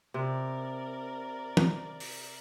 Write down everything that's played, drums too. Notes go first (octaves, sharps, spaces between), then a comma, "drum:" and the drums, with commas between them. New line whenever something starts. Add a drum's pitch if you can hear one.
C3 A#4 D5
drum: tom
drum: open hi-hat